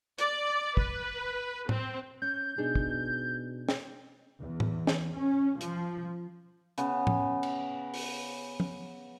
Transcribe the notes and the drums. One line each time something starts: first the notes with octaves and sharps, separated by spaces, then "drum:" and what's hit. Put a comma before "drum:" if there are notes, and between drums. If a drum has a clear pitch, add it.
D5, drum: hi-hat
B4, drum: kick
C4, drum: tom A2
C#4 G6
B2 D4 D#4 G#4
drum: kick
drum: snare
E2
drum: tom A2
drum: snare
C#4
F3, drum: hi-hat
C#3 B3, drum: hi-hat
drum: tom A2
drum: cymbal
drum: open hi-hat
drum: tom F3